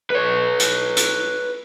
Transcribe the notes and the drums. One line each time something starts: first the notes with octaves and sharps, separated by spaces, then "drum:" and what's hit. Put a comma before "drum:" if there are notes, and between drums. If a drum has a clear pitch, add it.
B4 C#5
drum: hi-hat
drum: hi-hat